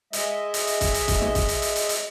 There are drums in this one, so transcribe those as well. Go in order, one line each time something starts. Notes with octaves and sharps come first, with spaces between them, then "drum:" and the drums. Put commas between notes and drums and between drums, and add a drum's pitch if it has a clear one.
G#3 D#5 E5, drum: hi-hat
drum: hi-hat
drum: hi-hat
drum: kick, hi-hat
drum: hi-hat
drum: kick, hi-hat
drum: snare
drum: kick, hi-hat
drum: hi-hat
drum: hi-hat
drum: hi-hat
drum: hi-hat